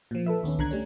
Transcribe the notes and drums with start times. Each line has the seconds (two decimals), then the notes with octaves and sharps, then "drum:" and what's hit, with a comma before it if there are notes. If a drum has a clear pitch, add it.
0.11 A#2 F3
0.26 A4 B4 E5
0.43 D#2 B3 C#4
0.59 D3 A#5 F#6 G#6, drum: kick C2
0.71 G3 A3 C#4